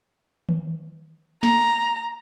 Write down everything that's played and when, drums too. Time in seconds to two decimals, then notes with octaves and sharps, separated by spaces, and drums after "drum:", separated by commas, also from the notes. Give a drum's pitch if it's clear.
0.49 drum: tom D#3
1.43 A#5, drum: snare